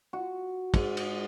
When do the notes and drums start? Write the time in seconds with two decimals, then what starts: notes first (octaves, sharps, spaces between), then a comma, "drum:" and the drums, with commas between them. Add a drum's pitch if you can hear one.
0.13 F#4
0.74 G#2, drum: kick, cymbal
0.97 drum: cymbal